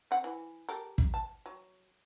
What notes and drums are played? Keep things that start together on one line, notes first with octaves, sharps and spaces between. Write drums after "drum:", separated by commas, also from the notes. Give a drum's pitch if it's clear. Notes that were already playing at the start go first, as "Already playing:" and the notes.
C4 F#5
E3
G4 A4 A#4
drum: kick
A5
F#3